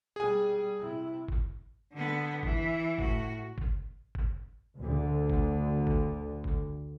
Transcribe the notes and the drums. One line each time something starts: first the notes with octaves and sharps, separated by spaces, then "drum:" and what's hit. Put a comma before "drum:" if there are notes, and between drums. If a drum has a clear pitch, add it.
B2 G3 G#4 G#5
C3 E4
drum: kick G1
D3 B3
E3, drum: kick G1
A2 F#4, drum: kick G1
drum: kick G1
drum: kick G1
D2 D3
drum: kick G1
drum: kick G1
drum: kick G1